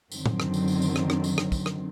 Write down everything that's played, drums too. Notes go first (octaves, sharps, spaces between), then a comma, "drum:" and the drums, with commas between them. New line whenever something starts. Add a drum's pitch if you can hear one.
F#2 D3 D#3 F#3 C4, drum: tambourine
drum: tom A2
drum: rim click
drum: tambourine
drum: tambourine
drum: tambourine
drum: rim click
drum: rim click
drum: tambourine
drum: rim click
drum: kick, tambourine
drum: rim click